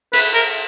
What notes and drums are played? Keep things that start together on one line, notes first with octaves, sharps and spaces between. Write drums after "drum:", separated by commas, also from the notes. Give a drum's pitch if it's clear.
B4, drum: cymbal
A#4